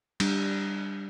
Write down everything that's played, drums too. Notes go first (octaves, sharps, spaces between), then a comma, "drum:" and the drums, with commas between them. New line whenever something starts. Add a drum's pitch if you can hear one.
G3 D4, drum: cymbal